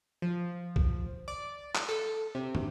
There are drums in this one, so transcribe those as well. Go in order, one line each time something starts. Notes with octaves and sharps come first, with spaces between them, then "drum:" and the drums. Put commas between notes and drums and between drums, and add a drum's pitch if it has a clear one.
F3
drum: kick B1
D5
drum: clap
A4
C3
drum: tom